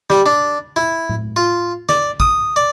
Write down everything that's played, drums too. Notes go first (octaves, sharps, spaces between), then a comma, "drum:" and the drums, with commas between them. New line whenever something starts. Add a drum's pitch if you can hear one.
G3, drum: snare
D4
E4
drum: tom A2
F4
D5, drum: snare
D#6, drum: kick
D5